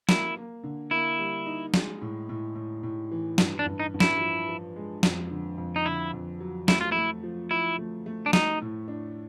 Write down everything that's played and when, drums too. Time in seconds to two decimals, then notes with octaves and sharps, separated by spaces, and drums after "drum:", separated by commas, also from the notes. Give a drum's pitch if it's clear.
0.09 A#3 E4, drum: snare
0.37 A#3
0.64 D3
0.91 A#3 E4
1.19 G3
1.46 D#4
1.74 G#3, drum: snare
2.02 A2
2.29 A2
2.55 A2
2.83 A2
3.11 E3
3.38 G2, drum: snare
3.59 D4
3.66 G2
3.80 D#4
3.94 G2
4.00 E4, drum: snare
4.21 F3
4.49 F3
4.76 G#3
5.03 F2, drum: snare
5.31 D3
5.58 F2
5.76 D#4
5.86 D3 E4
6.13 F2
6.40 F#3
6.68 A3 E4, drum: snare
6.81 F4
6.92 A3 E4
7.23 F3
7.51 F3 E4
7.78 A3
8.06 A3
8.26 D4
8.33 A3 D#4, drum: snare
8.61 A2
8.88 D4